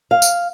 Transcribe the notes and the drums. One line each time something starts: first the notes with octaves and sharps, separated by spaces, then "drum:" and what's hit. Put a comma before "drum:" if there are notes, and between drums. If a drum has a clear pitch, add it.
F5
drum: tambourine